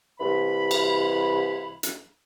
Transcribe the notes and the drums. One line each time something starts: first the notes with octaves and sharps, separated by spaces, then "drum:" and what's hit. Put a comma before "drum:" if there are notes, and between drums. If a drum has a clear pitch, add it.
C2 E3 B5
drum: cymbal
drum: hi-hat